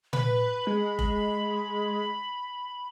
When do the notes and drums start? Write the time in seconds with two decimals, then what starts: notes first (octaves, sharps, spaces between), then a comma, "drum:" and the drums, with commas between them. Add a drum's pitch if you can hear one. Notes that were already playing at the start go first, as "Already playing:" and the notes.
0.13 B4 B5, drum: tom
0.67 G#3
0.99 drum: kick F1